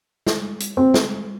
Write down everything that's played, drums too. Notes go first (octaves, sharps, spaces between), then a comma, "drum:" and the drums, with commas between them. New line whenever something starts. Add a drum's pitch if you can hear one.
drum: snare
drum: hi-hat
C4
drum: snare